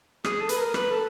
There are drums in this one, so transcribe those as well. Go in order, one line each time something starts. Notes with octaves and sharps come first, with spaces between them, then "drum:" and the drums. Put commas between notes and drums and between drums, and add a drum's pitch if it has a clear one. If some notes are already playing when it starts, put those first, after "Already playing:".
G#4, drum: rim click
A4
B4, drum: hi-hat
A#4
B4, drum: rim click
A4